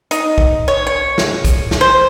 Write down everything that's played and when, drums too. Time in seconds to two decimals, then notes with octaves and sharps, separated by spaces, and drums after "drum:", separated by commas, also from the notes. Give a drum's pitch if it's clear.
0.11 D#4, drum: hi-hat
0.38 drum: kick B1
0.68 C#5
0.87 C#5
1.18 drum: snare
1.45 drum: kick B1, hi-hat
1.71 drum: snare
1.81 C5